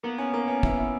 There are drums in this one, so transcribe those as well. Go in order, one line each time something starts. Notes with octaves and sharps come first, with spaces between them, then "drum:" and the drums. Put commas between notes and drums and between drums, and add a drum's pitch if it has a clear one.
A#3 B3
C#4
A#3
C#4
E4, drum: kick
E4